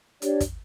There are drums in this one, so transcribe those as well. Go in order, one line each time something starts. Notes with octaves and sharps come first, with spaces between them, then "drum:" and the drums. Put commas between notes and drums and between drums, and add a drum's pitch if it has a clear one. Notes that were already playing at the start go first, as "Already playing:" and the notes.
D4 G4 C#5 D5, drum: hi-hat
drum: kick, hi-hat